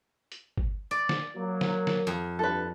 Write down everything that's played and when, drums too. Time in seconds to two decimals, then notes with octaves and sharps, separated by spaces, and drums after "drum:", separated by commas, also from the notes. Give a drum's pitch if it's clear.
0.32 drum: hi-hat
0.57 drum: kick G1
0.91 D5
1.09 drum: snare
1.37 F#3 A#3
1.61 drum: snare
1.87 drum: snare
2.07 F2
2.39 G2 A4 B4